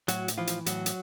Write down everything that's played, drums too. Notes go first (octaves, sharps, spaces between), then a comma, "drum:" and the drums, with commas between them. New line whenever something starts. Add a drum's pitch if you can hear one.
A2 F#3 F#4, drum: hi-hat
drum: hi-hat
E3 F3 F4
drum: hi-hat
A2 F#3 F#4, drum: hi-hat
drum: hi-hat